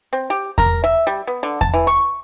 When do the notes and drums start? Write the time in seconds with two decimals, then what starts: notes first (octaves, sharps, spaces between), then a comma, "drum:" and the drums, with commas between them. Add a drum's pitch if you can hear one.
0.13 C4
0.30 G4
0.58 A#4, drum: kick E2
0.84 E5
1.07 G3
1.27 B3
1.43 D3
1.61 A5, drum: kick E2
1.74 E3
1.87 C#6